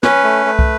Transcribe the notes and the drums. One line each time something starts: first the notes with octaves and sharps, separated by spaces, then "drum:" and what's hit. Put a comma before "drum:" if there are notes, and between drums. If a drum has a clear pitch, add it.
C#4 B4, drum: snare
A3
A3
drum: kick